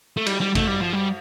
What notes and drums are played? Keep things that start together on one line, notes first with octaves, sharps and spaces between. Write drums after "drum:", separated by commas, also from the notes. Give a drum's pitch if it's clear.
A3
G3, drum: cymbal
G3
A3, drum: kick G#1, cymbal
G3
F3
G3